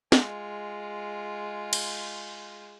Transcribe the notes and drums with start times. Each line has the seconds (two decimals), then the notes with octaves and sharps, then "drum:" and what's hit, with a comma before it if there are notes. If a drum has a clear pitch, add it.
0.12 G#3 F4, drum: snare
1.73 drum: cymbal